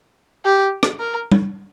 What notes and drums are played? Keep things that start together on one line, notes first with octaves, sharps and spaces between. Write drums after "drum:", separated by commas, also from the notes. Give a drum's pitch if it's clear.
G4
drum: rim click
A#4
drum: tom G3